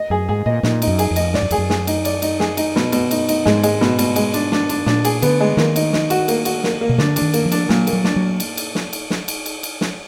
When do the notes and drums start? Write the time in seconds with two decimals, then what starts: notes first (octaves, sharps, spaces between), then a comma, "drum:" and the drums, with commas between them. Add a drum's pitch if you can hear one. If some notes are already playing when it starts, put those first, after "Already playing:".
Already playing: D#5
0.10 F#2 G#4
0.29 G#2 G#4
0.46 A#2 D#5
0.63 A#2 D#4, drum: snare
0.82 D#4, drum: cymbal
0.87 F#2
0.99 G#4, drum: cymbal
1.11 F2
1.16 D#5, drum: cymbal
1.34 G#2 D5, drum: snare
1.42 F#2
1.51 F2 G#4, drum: cymbal
1.58 F#2
1.70 G#4, drum: snare
1.87 D#4, drum: cymbal
2.05 D5, drum: cymbal
2.22 D#4, drum: cymbal
2.40 G#4, drum: snare
2.57 D#4, drum: cymbal
2.76 B2, drum: snare
2.92 B2, drum: cymbal
3.11 D#4, drum: cymbal
3.29 D#4, drum: cymbal
3.45 G#2 G#3, drum: snare
3.63 G#3, drum: cymbal
3.81 B2, drum: snare
3.99 B2, drum: cymbal
4.16 G#3, drum: cymbal
4.34 D4, drum: cymbal
4.52 D4, drum: snare
4.69 D4, drum: cymbal
4.86 A#2 D4, drum: snare
5.05 G#4, drum: cymbal
5.22 D3 B3, drum: cymbal
5.40 G#3
5.57 D#3 A#3, drum: snare
5.76 D#4, drum: cymbal
5.93 D#4, drum: snare
6.10 F#4, drum: cymbal
6.28 A#3, drum: cymbal
6.45 F#4, drum: cymbal
6.64 A#3, drum: snare
6.81 A#3
6.89 B2
6.98 D3 D4, drum: snare
7.16 D4, drum: cymbal
7.22 D#3
7.34 A#3, drum: cymbal
7.45 F3
7.52 D4, drum: cymbal
7.69 A#2 F#3, drum: snare
7.87 A#3, drum: cymbal
7.93 F#3
8.04 D4, drum: snare
8.16 F#3
8.40 drum: cymbal
8.57 drum: cymbal
8.75 drum: snare
8.93 drum: cymbal
9.10 drum: snare
9.28 drum: cymbal
9.46 drum: cymbal
9.63 drum: cymbal
9.81 drum: snare